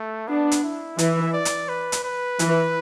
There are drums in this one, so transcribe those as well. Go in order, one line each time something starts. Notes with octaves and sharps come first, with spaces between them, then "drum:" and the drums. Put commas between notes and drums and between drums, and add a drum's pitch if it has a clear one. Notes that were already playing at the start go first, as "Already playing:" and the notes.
Already playing: A3
B3 D4
drum: hi-hat
E4
E3 E5, drum: hi-hat
D5
drum: hi-hat
B4
drum: hi-hat
B4
E3, drum: hi-hat